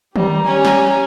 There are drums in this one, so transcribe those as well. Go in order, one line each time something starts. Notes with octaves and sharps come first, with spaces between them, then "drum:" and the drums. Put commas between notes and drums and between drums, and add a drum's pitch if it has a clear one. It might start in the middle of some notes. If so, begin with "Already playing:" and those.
G3 G4 A#5, drum: tom D#3
C#4 G#5
drum: snare